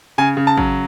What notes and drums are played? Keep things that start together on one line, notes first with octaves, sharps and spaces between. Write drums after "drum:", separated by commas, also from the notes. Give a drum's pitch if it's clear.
C#3 G#5
C#3
A5
F#3, drum: kick G#1